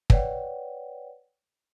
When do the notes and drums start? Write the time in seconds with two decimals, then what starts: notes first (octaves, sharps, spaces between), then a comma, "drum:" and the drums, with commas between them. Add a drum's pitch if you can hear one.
0.10 B4 C#5 D5 F#5 G5, drum: kick